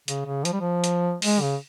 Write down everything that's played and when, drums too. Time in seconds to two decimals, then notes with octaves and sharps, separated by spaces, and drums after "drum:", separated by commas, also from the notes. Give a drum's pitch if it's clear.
0.08 C#3, drum: hi-hat
0.26 C#3
0.45 F3, drum: hi-hat
0.53 G3
0.61 F3
0.84 drum: hi-hat
1.22 G#3, drum: open hi-hat
1.41 C#3